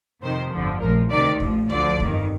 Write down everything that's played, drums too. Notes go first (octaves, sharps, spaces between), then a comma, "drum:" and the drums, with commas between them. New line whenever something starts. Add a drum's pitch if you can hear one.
F2 C3 D#3 C5
G1 F2 D3 F3
A#1 A2 F3 A#4
D2 C3 D#3 D5
A1 A2 F3, drum: kick
D2 D3 F3 D5, drum: tom C#2
G1 F2 D#3, drum: kick